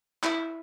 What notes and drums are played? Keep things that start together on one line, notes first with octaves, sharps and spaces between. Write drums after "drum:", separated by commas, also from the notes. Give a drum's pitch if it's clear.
E4, drum: clap